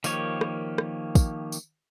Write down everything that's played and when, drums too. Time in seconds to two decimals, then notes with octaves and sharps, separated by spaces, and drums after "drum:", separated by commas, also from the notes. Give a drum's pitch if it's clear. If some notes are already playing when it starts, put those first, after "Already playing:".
0.04 D#3 F3 A#3 G4 C#5, drum: tambourine
0.41 drum: rim click
0.78 drum: rim click
1.15 drum: kick, tambourine
1.52 drum: tambourine